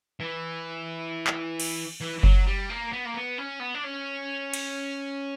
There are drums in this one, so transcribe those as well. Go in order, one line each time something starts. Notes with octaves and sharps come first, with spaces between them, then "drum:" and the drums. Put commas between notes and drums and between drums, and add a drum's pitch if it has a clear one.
E3
drum: clap
drum: cymbal
E3
E3
F#3, drum: kick F#1
G3
A#3
B3
A#3
B3
C#4
B3
D4
C#4
drum: cymbal